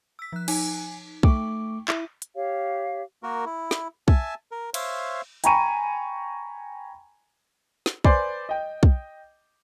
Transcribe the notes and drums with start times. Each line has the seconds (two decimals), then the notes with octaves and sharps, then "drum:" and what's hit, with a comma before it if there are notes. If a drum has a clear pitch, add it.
0.19 E6 B6
0.33 F3 F#6
0.48 D#4 G#5, drum: cymbal
1.23 A3 G5 C#6 D6, drum: kick
1.88 E4 E5, drum: clap
2.22 drum: hi-hat
2.35 G4 C#5 F5
3.23 A#3 F#4 A#4
3.46 E4
3.71 drum: snare
4.08 E5 G#5 A5, drum: kick
4.52 A#4
4.74 C5 C#5 E5 F5, drum: cymbal
5.44 G5 G#5 A#5 B5 C#6 D#7, drum: hi-hat
7.86 drum: snare
8.04 B4 C5 D5 G#5 C6, drum: kick
8.49 D#5 G5
8.83 drum: kick